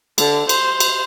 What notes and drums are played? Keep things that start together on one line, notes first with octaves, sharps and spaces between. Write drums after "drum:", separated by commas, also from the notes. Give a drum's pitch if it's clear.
D3, drum: cymbal
C5, drum: cymbal
drum: cymbal